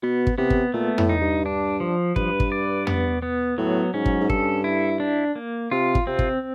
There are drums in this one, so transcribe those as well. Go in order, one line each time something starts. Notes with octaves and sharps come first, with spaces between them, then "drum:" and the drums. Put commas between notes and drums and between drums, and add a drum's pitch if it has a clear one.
B2 B3
drum: kick
C3 B3
drum: kick
A#2 A3
A2, drum: tom
D#4
G2
D4
F3
G2 B4, drum: kick
drum: kick
D5
B3, drum: tom
B3
A2 F#3
G#2 C#4
drum: kick
G#2
G2 A4, drum: kick
E4
D4
A#3
C3 F4
drum: kick
C3 C4
drum: kick